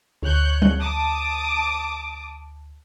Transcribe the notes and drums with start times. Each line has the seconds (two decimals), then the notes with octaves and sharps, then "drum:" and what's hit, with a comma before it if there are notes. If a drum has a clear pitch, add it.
0.23 D2 C#5 F#6 G6
0.62 drum: tom F#3
0.79 A5 D6 D#6